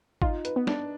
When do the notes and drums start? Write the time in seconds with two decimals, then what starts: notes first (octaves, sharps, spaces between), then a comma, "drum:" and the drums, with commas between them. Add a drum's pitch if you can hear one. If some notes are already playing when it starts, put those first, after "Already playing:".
0.22 D#4 F4, drum: kick G#1
0.45 B4, drum: hi-hat
0.56 B3
0.67 D4, drum: snare